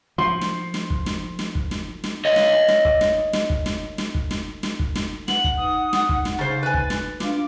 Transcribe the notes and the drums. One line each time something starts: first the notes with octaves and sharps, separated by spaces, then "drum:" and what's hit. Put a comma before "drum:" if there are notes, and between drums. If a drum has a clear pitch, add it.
F3 C6
drum: snare
drum: snare
drum: kick
drum: snare
drum: snare
drum: kick
drum: snare
drum: snare
C#5 D#5
drum: snare
drum: snare
drum: kick
drum: snare
drum: snare
drum: kick
drum: snare
drum: snare
drum: kick
drum: snare
drum: snare
drum: kick
drum: snare
B4 F#5 F#7, drum: snare
drum: kick
D#4 D#6
drum: snare
drum: kick
drum: snare
C#3 C5 A6
B4 G#5
drum: kick
drum: snare
D4 F4 D6, drum: snare